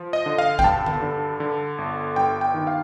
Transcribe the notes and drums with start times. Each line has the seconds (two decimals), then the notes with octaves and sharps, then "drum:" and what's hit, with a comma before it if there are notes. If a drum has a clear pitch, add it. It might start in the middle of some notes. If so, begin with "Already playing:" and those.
Already playing: F3
0.13 D#5
0.26 D3
0.38 F5
0.59 G5, drum: kick G1
0.64 G2 A5
0.86 drum: tom D3
1.02 D3
1.40 D3
1.78 G1
2.16 G2 G5
2.41 G5
2.54 D#3
2.67 F5